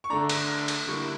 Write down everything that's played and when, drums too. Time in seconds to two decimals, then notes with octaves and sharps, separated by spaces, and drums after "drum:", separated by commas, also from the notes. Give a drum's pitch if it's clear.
0.04 C#6
0.10 D3 A3 D4 A#5
0.29 drum: cymbal
0.68 drum: cymbal
0.87 D3 G3 A#3 E4 C#6